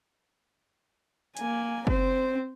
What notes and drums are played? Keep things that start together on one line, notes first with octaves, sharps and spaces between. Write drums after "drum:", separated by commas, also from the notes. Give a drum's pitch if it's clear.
A#3 G#5, drum: hi-hat
C4 C5, drum: kick F#1